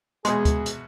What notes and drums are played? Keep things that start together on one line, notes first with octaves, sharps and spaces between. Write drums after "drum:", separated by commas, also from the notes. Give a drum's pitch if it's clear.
E2 B2 G#3 G#4 C#5 C6, drum: hi-hat
drum: kick D2, hi-hat
drum: hi-hat